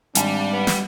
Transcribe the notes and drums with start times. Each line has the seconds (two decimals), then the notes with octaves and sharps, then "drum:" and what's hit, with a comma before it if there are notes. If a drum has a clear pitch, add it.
0.15 G#1 G3 D4, drum: hi-hat
0.52 B3
0.67 drum: snare